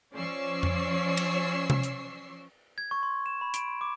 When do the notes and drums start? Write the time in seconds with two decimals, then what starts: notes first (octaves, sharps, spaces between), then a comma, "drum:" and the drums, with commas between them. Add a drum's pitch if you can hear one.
0.14 F3 C#4 D5 C#6 E6 C7
0.63 drum: tom F2
1.17 drum: cymbal
1.70 drum: tom C3
1.83 drum: hi-hat
2.78 G#6
2.91 C#6
3.03 C6
3.26 E7
3.41 B5
3.54 D7, drum: hi-hat
3.68 C6
3.81 D6